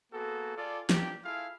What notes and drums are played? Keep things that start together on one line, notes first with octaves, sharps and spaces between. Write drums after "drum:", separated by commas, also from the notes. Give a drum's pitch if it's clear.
A#3 B3 F#4 G#4 A4
F4 G#4 A4 D5
A#3 D4 G4, drum: snare
E4 F4 G#4 A4 F5